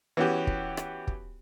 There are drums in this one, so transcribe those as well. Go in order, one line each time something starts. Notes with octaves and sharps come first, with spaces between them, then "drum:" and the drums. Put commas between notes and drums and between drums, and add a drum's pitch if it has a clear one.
E3 B3 C#4 F#4 G4
drum: kick
drum: rim click
drum: kick